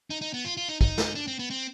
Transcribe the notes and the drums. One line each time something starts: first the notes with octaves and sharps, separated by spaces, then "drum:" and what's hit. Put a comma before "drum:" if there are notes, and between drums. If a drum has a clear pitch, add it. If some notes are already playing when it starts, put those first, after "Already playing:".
D#4
D#4
B3
F4
F4
D#4
D#4, drum: kick
drum: snare
D4
C4
B3
C4